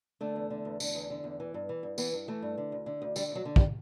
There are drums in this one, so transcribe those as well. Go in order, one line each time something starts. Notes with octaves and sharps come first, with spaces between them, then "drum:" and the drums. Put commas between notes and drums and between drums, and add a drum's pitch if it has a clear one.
D3 A3
E2
D3
E2
D3, drum: tambourine
E2
D3
E2
E3
G2
E3
G2
E3 B3, drum: tambourine
G2
E3 A3
G2
D3
D2
D3
D2
D3 G3, drum: tambourine
D2 F#3
D3
G3, drum: kick